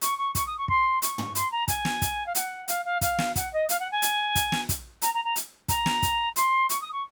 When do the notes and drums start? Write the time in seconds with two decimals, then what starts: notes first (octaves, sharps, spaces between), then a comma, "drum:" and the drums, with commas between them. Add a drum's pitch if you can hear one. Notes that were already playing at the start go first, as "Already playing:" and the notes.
0.01 C#6, drum: hi-hat
0.18 C#6
0.35 C#6, drum: kick, hi-hat
0.46 D#6
0.57 C#6
0.68 C6, drum: kick
1.02 C#6, drum: hi-hat
1.18 drum: tom
1.35 C6, drum: hi-hat
1.51 A#5
1.68 G#5, drum: kick, hi-hat
1.85 drum: snare
2.02 drum: kick, hi-hat
2.26 F5
2.35 F#5, drum: hi-hat
2.68 F5, drum: hi-hat
2.85 F5
3.01 F5, drum: kick, hi-hat
3.19 drum: snare
3.36 F#5, drum: kick, hi-hat
3.53 D#5
3.69 F5, drum: hi-hat
3.79 F#5
3.91 G#5
4.02 drum: hi-hat
4.35 drum: kick, hi-hat
4.52 drum: snare
4.69 drum: kick, hi-hat
5.02 A#5, drum: hi-hat
5.13 A#5
5.24 A#5
5.36 drum: hi-hat
5.68 A#5, drum: kick, hi-hat
5.86 drum: snare
6.02 drum: kick, hi-hat
6.36 C6, drum: hi-hat
6.69 C#6, drum: hi-hat
6.81 D#6
6.92 C#6